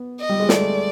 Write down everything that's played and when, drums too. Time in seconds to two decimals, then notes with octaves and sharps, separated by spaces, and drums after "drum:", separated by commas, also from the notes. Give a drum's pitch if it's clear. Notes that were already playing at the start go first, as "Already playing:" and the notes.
Already playing: B3
0.21 D#5
0.29 G3
0.40 G#3
0.49 A3 D5, drum: snare